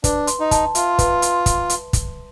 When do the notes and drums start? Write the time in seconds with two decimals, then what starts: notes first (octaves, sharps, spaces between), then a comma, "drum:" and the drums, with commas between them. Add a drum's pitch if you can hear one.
0.04 D4 B4, drum: kick, hi-hat
0.27 C6, drum: hi-hat
0.40 D#4
0.51 A5, drum: kick, hi-hat
0.75 F4 E5, drum: hi-hat
0.99 B4, drum: kick, hi-hat
1.22 C6, drum: hi-hat
1.46 drum: kick, hi-hat
1.70 drum: hi-hat
1.93 drum: kick, hi-hat